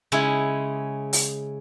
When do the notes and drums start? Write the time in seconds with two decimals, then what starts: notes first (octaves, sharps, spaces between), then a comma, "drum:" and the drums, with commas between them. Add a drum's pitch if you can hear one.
0.12 C#3 G#3 C#4 E4
1.13 drum: open hi-hat